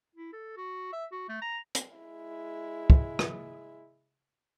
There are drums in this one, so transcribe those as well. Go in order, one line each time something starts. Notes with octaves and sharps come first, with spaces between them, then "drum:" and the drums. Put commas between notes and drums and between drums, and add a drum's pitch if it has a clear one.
E4
A4
F#4
E5
F#4
A3
A#5
drum: hi-hat
G#3 E4
drum: kick
drum: rim click